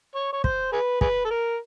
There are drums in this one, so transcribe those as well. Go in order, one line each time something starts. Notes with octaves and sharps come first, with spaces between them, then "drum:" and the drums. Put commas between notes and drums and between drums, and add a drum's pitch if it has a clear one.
C#5
C#5
C5, drum: kick
G#4 B4
G#4 B4, drum: kick
A4
A#4